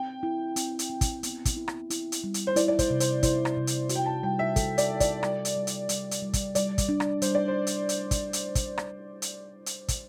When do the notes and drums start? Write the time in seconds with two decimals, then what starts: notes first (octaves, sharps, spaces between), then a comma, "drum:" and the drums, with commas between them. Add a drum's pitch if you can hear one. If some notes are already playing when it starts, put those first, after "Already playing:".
Already playing: C4 G5
0.23 E4
0.56 C4, drum: hi-hat
0.79 drum: hi-hat
0.90 C4
1.01 drum: kick, hi-hat
1.23 B3, drum: hi-hat
1.45 drum: kick, hi-hat
1.57 E4
1.68 drum: rim click
1.90 E4, drum: hi-hat
2.12 drum: hi-hat
2.24 G3
2.34 drum: hi-hat
2.47 C5
2.56 E4 D5, drum: hi-hat
2.68 D5
2.79 C5, drum: kick, hi-hat
2.90 C3
3.00 C5, drum: hi-hat
3.23 E4 C5, drum: kick, hi-hat
3.45 drum: rim click
3.57 C3
3.67 drum: hi-hat
3.89 F#4, drum: hi-hat
3.95 G5
4.06 A5
4.23 G3 G5
4.39 E5
4.56 A4, drum: kick, hi-hat
4.78 D5, drum: hi-hat
4.89 A4
5.00 D5, drum: kick, hi-hat
5.23 G3, drum: rim click
5.45 drum: hi-hat
5.56 G3
5.67 drum: hi-hat
5.89 G3, drum: hi-hat
6.11 drum: hi-hat
6.22 G3
6.33 drum: kick, hi-hat
6.55 G3 D5, drum: hi-hat
6.78 drum: kick, hi-hat
6.89 D4
7.00 drum: rim click
7.22 G3 C5, drum: hi-hat
7.35 D5
7.48 C5
7.67 drum: hi-hat
7.89 drum: hi-hat
8.11 drum: kick, hi-hat
8.33 drum: hi-hat
8.55 drum: kick, hi-hat
8.78 drum: rim click
9.22 drum: hi-hat
9.66 drum: hi-hat
9.88 drum: kick, hi-hat